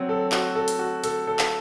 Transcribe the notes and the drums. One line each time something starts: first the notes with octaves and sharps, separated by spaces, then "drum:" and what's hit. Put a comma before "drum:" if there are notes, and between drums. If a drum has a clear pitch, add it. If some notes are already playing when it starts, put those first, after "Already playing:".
Already playing: F#3 C4
A4
F#4, drum: clap
A4
drum: hi-hat
F#4
A4, drum: hi-hat
A4
drum: clap